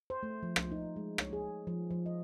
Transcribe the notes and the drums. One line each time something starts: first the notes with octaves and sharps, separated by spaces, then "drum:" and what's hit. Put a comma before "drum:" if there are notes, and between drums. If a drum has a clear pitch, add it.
C5
A3
F3
drum: rim click
D#4
G#3
C#5, drum: rim click
G#4
F3
F3
D#5